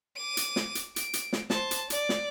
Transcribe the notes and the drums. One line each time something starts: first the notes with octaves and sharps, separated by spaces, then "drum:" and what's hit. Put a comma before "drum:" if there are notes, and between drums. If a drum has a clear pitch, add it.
D6 D#7
drum: hi-hat
drum: snare
drum: hi-hat
D7, drum: hi-hat
drum: hi-hat
drum: snare
C5 A5, drum: snare
drum: hi-hat
D5, drum: hi-hat
drum: snare